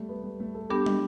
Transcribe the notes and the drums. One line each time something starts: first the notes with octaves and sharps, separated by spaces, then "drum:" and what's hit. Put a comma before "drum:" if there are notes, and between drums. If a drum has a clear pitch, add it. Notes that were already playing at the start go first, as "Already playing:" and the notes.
Already playing: G3 A3
B3
G3
A3
A4
G3 B3 D4 G4 A4
drum: tom